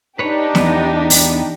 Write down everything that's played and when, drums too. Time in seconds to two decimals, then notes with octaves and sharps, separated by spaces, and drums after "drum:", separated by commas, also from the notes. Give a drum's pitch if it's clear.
0.19 D4 D#4 G4 B4 C#5
0.55 E2 B3, drum: snare
1.10 drum: open hi-hat